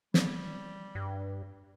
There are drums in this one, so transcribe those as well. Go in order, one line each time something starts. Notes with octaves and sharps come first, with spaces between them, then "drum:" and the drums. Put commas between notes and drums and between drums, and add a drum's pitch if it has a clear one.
G3, drum: snare
G2